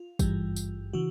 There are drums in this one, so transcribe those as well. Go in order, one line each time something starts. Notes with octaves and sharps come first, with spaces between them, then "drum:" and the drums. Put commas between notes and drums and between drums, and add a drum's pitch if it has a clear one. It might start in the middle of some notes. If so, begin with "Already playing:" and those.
Already playing: F4
G#1 G2 E3 G3, drum: kick, tambourine
drum: tambourine
C#3 E3 F#4